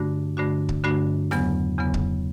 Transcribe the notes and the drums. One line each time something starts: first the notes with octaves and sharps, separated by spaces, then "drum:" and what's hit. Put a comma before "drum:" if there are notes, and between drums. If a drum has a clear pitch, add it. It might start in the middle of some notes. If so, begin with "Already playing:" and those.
Already playing: G2 D3 A3 D4 F#4
G2 D3 A3 D4 F#4
drum: kick C#1
G2 D3 A3 D4 F#4
E2 C#3 F#3 B3, drum: snare
E2 C#3 F#3 B3
drum: kick C#1